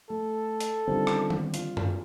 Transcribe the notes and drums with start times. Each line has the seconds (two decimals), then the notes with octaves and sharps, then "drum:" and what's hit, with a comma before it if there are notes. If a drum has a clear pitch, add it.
0.10 A3 A4
0.60 drum: hi-hat
0.88 D3 D#3 G3 C4 F4
1.07 drum: rim click
1.30 drum: tom D#3
1.54 F4, drum: hi-hat
1.77 drum: tom F#2